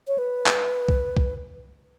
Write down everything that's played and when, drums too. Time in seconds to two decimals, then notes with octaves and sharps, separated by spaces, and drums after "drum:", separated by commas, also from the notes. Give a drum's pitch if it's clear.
0.08 C#5
0.18 B4
0.46 drum: clap
0.88 drum: kick C2
1.17 drum: kick C2